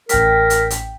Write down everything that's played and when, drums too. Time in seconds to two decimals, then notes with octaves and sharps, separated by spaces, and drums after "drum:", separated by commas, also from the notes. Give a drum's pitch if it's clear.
0.09 A1 A#4 G5 B6, drum: hi-hat
0.50 drum: hi-hat
0.70 drum: hi-hat